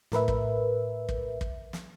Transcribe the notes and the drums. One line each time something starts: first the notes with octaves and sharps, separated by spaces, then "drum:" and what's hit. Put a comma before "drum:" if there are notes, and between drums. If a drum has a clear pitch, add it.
A2 A#4 B4 E5, drum: snare
drum: kick
drum: kick
drum: kick
drum: snare